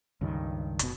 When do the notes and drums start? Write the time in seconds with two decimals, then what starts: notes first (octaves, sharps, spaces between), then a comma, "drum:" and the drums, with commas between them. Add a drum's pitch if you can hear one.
0.21 C#2 G2 D#3
0.79 F1 B2, drum: hi-hat